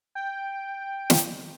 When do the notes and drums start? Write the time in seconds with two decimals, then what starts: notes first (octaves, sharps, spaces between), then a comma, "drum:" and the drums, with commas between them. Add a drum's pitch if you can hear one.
0.15 G5
1.10 drum: snare